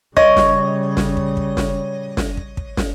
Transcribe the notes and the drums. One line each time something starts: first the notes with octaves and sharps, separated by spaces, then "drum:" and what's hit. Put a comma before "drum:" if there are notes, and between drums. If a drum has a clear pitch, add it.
C#3 G3 C#5 D#5, drum: kick
drum: snare
drum: snare
drum: kick
drum: kick
drum: snare
drum: snare
drum: kick
drum: kick
drum: snare